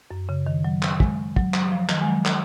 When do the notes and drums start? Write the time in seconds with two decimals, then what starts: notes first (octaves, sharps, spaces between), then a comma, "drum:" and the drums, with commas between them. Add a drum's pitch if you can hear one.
0.11 F#2
0.29 C#3
0.47 D#3
0.65 F#3
0.82 drum: clap
1.00 G#3, drum: kick
1.37 F#3, drum: kick
1.54 F#3, drum: clap
1.72 F3
1.89 D#3, drum: clap
2.01 G#3
2.07 F#3
2.25 drum: clap